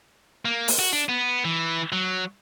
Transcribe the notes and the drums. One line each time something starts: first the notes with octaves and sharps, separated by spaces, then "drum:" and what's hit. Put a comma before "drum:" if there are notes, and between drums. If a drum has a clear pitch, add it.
A#3
drum: open hi-hat
F#4
D4
B3
E3
F#3